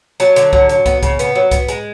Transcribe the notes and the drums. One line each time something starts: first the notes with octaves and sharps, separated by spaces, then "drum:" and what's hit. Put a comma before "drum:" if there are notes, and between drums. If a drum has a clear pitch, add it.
F#3 A5, drum: hi-hat
D3, drum: hi-hat
F#3, drum: kick
F#3, drum: hi-hat
B3, drum: kick, hi-hat
C#3, drum: kick, hi-hat
B3, drum: hi-hat
F#3
B3, drum: kick, hi-hat
G#3, drum: hi-hat